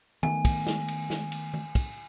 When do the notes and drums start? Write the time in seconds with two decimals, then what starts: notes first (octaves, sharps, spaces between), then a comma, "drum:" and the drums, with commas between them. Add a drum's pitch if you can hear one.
0.23 D#3 A3 B3 G#5, drum: tom D#3
0.45 drum: kick, cymbal
0.67 drum: snare
0.88 drum: cymbal
1.10 drum: snare
1.32 drum: cymbal
1.54 drum: tom D#3
1.75 drum: kick, cymbal